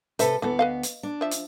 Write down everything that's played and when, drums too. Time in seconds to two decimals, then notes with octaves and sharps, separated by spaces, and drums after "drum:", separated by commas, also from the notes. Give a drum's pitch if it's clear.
0.19 C3 A4 B4 C5 E5, drum: hi-hat
0.42 D2 E3 B3 A4
0.59 B4 D#5 F5
0.83 drum: hi-hat
1.03 D4
1.21 F3 E5
1.31 drum: hi-hat